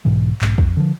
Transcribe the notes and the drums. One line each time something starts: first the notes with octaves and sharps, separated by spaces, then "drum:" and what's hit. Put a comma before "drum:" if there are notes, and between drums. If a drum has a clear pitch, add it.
B1 G#2 B2 E3
B1 G#2, drum: clap
F2, drum: kick
D3 F3